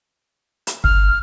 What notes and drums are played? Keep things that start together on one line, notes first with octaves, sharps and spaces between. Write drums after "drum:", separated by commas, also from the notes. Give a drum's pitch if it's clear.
drum: hi-hat
G1 F6, drum: kick